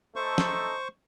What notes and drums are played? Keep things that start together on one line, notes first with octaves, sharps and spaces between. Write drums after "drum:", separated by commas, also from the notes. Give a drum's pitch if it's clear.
A3 D#4 A4 C5 C#6
drum: snare